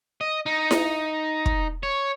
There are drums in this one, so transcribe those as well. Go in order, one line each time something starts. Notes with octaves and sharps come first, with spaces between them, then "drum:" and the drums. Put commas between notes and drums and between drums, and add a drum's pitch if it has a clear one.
D#5
D#4
drum: snare E4
drum: kick
C#5